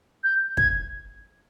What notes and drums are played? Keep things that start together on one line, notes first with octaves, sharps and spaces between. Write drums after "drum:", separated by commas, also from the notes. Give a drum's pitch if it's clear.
G6
G#6, drum: kick